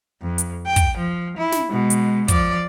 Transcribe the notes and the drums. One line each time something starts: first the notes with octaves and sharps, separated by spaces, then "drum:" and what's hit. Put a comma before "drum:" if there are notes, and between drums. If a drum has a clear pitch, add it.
F2
drum: hi-hat
G5
drum: kick, hi-hat
F3
E4
drum: snare
B2 G#3
drum: hi-hat
F3 D5, drum: kick, hi-hat